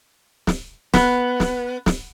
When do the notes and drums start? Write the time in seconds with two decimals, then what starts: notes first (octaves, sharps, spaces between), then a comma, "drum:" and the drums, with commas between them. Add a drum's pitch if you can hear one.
0.47 drum: snare
0.94 B3, drum: snare
1.40 drum: snare
1.86 drum: snare